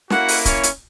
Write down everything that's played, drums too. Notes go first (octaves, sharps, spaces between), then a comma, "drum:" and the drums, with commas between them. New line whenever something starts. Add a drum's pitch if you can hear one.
A#3 C#4 E4 F#4 F#5, drum: snare
drum: open hi-hat
C#4 C#5, drum: kick D1, hi-hat
drum: hi-hat